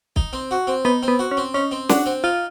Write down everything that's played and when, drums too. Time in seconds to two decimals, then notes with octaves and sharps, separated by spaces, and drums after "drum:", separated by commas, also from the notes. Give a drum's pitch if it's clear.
0.16 D#4, drum: kick
0.33 C4
0.51 F#4
0.67 C4
0.85 B3 D#4
1.03 C4
1.08 B3
1.19 F#4
1.31 C#4
1.37 C4
1.54 C#4 D#4
1.71 C4
1.89 D4 F#4, drum: snare
2.06 C4
2.24 D#4 F4